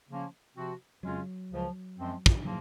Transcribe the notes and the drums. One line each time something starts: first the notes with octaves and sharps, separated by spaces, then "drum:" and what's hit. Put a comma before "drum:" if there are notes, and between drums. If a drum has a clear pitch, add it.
C#3 F3 A#3 C#4
C3 F3 C4 F#4
F2 C#3 F#3 G#3 C#4 F4
C#2 C#3 F3
F#2 F3 G#3 C4
drum: kick
C#3 F3 F#3 A#3